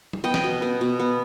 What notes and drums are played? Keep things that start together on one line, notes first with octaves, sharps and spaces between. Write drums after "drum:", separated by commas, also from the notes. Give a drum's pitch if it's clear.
drum: tom F#3
B3 D#5 G5
drum: snare
B2
B3
B2
B3